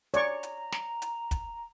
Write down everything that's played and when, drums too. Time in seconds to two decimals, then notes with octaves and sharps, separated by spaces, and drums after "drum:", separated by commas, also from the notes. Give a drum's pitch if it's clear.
0.14 C#5 D5 A#5 C#6, drum: hi-hat
0.43 drum: hi-hat
0.72 drum: snare
1.02 drum: hi-hat
1.31 drum: kick, hi-hat